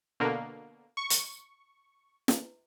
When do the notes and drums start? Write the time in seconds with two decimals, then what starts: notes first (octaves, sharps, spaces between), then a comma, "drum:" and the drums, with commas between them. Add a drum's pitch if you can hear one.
0.20 B2 D3 A#3
0.97 C#6
1.10 drum: hi-hat
2.28 drum: snare